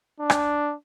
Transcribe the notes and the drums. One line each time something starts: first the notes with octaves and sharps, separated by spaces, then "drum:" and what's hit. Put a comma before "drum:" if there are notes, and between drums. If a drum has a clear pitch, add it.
D4
drum: rim click